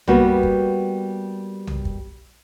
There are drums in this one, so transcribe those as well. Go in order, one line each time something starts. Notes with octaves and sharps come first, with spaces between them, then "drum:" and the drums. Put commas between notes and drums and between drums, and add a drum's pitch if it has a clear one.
G3 A#3 B3 F#4, drum: tom B1
drum: kick
drum: tom B1
drum: kick